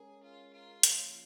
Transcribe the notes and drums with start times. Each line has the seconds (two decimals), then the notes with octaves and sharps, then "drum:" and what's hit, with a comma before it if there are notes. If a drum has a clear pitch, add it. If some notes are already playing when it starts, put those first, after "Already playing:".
Already playing: G#3 C#4 G#4 A#4
0.23 F4
0.53 F4
0.83 C#3 F3 A#3 C#4, drum: hi-hat